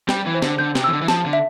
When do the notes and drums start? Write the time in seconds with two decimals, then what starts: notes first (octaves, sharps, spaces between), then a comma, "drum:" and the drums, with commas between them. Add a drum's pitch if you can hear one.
0.09 G3 G5, drum: snare
0.26 E3
0.34 C5
0.42 D3, drum: snare
0.59 D3 G6
0.75 C3, drum: snare
0.84 E3 E6
0.92 D3
1.01 E3
1.08 F3 A5, drum: snare
1.26 D3
1.33 E5